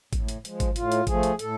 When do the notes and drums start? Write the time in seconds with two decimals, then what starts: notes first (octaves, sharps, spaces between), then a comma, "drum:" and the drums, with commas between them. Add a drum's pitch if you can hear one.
0.13 A2, drum: kick G#1, hi-hat
0.29 drum: hi-hat
0.45 F3 G#3, drum: hi-hat
0.60 drum: kick G#1, hi-hat
0.76 A2 F4, drum: hi-hat
0.92 drum: hi-hat
1.07 F3 A3 G#4, drum: kick G#1, hi-hat
1.23 drum: hi-hat
1.39 A2 A4, drum: hi-hat